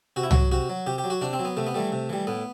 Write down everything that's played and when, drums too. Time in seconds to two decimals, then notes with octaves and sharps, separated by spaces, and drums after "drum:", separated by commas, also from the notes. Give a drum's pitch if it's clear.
0.16 C3 F#4
0.23 E4
0.31 F#3 F#4, drum: tom
0.51 C3 F#4
0.69 F#3
0.86 C3 G4
0.98 G4
1.04 F#3
1.10 F#4
1.21 C3 D4
1.33 C4
1.39 F#3
1.45 B3
1.57 C3 A3
1.67 B3
1.74 E3 G3 A3
1.92 C3
2.09 E3 G3
2.27 A2 B3